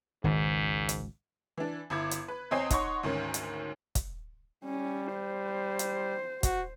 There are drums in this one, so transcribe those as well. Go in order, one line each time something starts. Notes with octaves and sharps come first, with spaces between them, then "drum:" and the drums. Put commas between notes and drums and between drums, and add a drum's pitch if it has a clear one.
G#1 C#2 G#2 D#3
drum: hi-hat
E3 D4
G1 E4 D6 G#6
drum: hi-hat
B4
E2 C4 C#5 D#5 G#5 C7
D#4 C#5 F#5 C6 C#6 D#6, drum: kick, hi-hat
D2 G#2 D#3 C#4
drum: hi-hat
drum: kick, hi-hat
G3 C#4
C5
drum: hi-hat
F#4, drum: kick, hi-hat